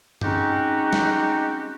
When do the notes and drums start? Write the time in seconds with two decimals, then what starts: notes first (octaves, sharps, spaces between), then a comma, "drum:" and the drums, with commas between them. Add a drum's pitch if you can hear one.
0.21 G#3 C4 C#4 D#4 F#4 G4, drum: tom G2
0.93 drum: snare